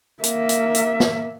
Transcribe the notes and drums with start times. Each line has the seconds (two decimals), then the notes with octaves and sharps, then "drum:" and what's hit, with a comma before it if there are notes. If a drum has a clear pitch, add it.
0.23 A#3 E5, drum: hi-hat
0.49 drum: hi-hat
0.75 drum: hi-hat
1.00 drum: snare